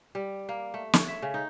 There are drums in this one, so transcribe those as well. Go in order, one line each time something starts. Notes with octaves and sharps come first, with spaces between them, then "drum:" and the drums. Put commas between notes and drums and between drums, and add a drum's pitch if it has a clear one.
G3
A#3
A3
C#5, drum: snare
E5
C#3
D#4